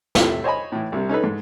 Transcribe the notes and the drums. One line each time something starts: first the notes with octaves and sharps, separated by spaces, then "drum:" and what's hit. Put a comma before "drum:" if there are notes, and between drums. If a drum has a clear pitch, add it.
A2 C3 E4 A4 E5, drum: snare
C5 C#5 D#5 G#5 B5
A2 E3
C2 C3
C#4 D#4 A4 B4
G#2